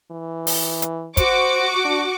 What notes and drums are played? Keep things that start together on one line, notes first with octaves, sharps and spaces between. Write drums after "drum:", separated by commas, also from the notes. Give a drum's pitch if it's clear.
E3
drum: open hi-hat
drum: hi-hat
F#4 C5 C#6 D6, drum: kick, hi-hat
D4